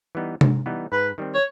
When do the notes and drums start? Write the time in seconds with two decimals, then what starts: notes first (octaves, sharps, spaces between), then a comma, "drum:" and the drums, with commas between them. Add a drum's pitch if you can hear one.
0.15 E3 G3 B3 D#4
0.41 G#2, drum: tom C3
0.66 E3 G3 B3 D#4
0.92 G#2 B4
1.18 D#3 G3 C4
1.34 C#5